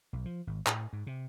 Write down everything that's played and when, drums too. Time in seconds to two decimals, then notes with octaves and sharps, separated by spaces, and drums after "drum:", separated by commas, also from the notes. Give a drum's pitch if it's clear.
0.13 B1
0.26 F3
0.47 G#1
0.67 A2, drum: clap
0.93 G#2
1.07 C3